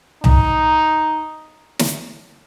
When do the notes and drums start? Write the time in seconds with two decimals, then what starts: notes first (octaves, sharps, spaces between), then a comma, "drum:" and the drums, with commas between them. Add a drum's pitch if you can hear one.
0.24 D#4, drum: tom C2
1.79 drum: snare